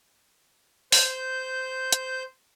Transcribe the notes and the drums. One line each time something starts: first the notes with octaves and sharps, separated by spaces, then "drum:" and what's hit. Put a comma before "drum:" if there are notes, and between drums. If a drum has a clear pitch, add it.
C5 G6, drum: open hi-hat
drum: hi-hat